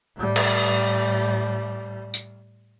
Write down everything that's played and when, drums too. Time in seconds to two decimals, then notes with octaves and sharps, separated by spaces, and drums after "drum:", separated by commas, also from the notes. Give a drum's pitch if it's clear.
0.16 A2 G3
0.36 drum: cymbal
2.14 drum: tambourine